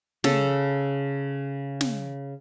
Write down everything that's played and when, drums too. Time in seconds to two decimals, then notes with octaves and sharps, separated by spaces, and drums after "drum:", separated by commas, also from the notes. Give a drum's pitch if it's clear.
0.24 C#3 A4, drum: snare
1.81 drum: snare